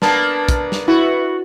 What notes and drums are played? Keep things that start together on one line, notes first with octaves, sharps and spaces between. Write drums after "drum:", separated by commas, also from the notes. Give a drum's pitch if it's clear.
A#3 B3 D4 A5, drum: snare
drum: kick, hi-hat
drum: snare
E4 F#4 B4